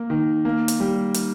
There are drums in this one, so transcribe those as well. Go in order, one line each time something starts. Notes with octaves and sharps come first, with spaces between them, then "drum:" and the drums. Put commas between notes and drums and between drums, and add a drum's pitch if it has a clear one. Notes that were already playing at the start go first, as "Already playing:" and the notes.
Already playing: A#3
D#3
A#3
drum: hi-hat
G3
drum: hi-hat